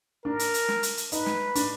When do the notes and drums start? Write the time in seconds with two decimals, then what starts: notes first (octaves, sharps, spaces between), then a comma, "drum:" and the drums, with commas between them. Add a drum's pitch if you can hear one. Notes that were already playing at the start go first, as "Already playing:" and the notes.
0.25 D4 A#4
0.39 drum: hi-hat
0.54 drum: hi-hat
0.68 drum: snare
0.83 drum: hi-hat
0.97 drum: hi-hat
1.12 D#4 B4, drum: hi-hat
1.26 drum: snare
1.55 D4, drum: hi-hat